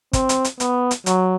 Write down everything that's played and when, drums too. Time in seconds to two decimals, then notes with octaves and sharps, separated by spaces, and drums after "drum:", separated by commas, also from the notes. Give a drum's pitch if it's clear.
0.13 C4, drum: kick, hi-hat
0.29 drum: hi-hat
0.45 drum: hi-hat
0.60 B3, drum: hi-hat
0.91 drum: hi-hat
1.06 F#3, drum: hi-hat